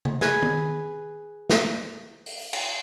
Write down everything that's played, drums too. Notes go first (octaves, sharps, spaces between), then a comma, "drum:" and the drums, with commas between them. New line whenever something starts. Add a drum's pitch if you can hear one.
drum: tom C#3
G#4 B4 G#5, drum: snare
drum: tom
drum: snare
drum: open hi-hat
drum: cymbal